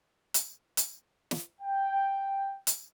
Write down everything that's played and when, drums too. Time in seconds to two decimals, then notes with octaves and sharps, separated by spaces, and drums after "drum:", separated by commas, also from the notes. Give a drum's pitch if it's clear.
0.34 drum: hi-hat
0.77 drum: hi-hat
1.31 drum: snare
1.61 G5
2.67 drum: hi-hat